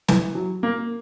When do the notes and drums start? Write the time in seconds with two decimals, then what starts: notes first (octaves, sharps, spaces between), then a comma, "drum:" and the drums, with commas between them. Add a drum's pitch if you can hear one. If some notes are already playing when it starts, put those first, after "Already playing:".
0.08 E3, drum: snare
0.35 F#3
0.63 A#3